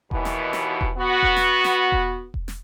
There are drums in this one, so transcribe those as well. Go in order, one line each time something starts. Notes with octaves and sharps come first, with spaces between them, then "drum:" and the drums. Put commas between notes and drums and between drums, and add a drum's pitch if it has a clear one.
D#2 B2 E3, drum: kick E1
drum: snare
drum: snare
drum: kick E1
B3 F#4
drum: kick E1
drum: snare
drum: snare
drum: kick E1
drum: kick E1
drum: snare